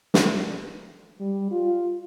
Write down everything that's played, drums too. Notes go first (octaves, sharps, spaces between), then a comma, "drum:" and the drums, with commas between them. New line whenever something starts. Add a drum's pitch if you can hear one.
drum: snare
G3
F4